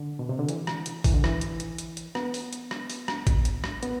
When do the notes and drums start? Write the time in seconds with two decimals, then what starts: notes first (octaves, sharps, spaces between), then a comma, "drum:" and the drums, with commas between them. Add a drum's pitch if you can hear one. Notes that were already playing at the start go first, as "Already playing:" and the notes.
Already playing: D3
0.19 B2
0.29 C3
0.39 D3
0.49 E3, drum: hi-hat
0.67 drum: rim click
0.86 drum: hi-hat
1.04 E3, drum: kick G#1, open hi-hat
1.14 D3
1.24 E3, drum: rim click
1.41 drum: hi-hat
1.60 drum: hi-hat
1.78 drum: hi-hat
1.97 drum: hi-hat
2.15 B3, drum: rim click
2.34 drum: open hi-hat
2.53 drum: hi-hat
2.71 drum: rim click
2.90 drum: open hi-hat
3.08 drum: rim click
3.27 drum: kick G#1, hi-hat
3.45 drum: hi-hat
3.64 drum: rim click
3.83 B3, drum: hi-hat